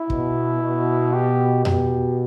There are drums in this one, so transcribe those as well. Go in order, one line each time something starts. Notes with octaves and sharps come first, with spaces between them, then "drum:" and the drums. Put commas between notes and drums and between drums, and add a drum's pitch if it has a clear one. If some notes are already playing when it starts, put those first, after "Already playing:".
Already playing: E4
B2, drum: kick
B2
G4
B2 G4, drum: tom F2